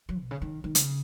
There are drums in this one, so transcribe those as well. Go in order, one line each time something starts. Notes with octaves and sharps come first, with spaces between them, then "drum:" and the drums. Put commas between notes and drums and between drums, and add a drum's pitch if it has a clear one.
F#3
B2
C#3
D#3
D#3
C#3, drum: hi-hat